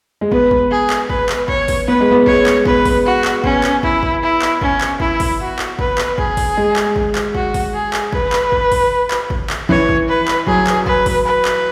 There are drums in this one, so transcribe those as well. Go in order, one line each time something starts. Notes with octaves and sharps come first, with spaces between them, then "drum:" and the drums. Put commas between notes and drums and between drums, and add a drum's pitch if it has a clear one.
G#3
B3 B4, drum: kick
drum: kick
G#4
drum: clap
B4, drum: kick
drum: clap
C#5, drum: kick
drum: kick, open hi-hat
B3 B4
G#3
B3
G#3 C#5, drum: kick
drum: clap
B3 B4, drum: kick
drum: kick, open hi-hat
F#4
drum: clap
B3 C#4, drum: kick
drum: clap
E4, drum: kick
drum: kick
E4
drum: clap
C#4, drum: kick
drum: clap
E4, drum: kick
drum: kick, open hi-hat
F#4
drum: clap
B4, drum: kick
drum: clap
G#4, drum: kick
drum: kick, open hi-hat
G#3
drum: clap
drum: kick
drum: clap
F#4, drum: kick
drum: kick, open hi-hat
G#4
drum: clap
B4, drum: kick
drum: clap
drum: kick
drum: kick, open hi-hat
drum: clap
drum: kick
drum: clap
E3 C#5, drum: kick
drum: kick
B4
drum: clap
F#3 G#4, drum: kick
drum: clap
B4, drum: kick
drum: kick, open hi-hat
B4
drum: clap